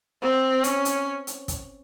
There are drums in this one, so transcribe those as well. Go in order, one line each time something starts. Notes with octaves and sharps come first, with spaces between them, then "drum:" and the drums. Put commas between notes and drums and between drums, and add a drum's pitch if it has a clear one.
C4
C#4, drum: hi-hat
drum: hi-hat
drum: hi-hat
drum: kick, hi-hat